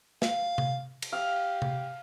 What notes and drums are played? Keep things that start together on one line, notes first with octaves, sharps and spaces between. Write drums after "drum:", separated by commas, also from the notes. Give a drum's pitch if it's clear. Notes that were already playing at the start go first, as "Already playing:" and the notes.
F5, drum: snare
drum: tom C3
drum: cymbal
G4 F5
drum: tom C3